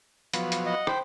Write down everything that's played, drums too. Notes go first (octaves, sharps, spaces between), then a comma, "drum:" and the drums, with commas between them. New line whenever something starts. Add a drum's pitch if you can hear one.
F3 F#3 B3, drum: hi-hat
drum: hi-hat
D#5 F#5
C5 G5 B5, drum: rim click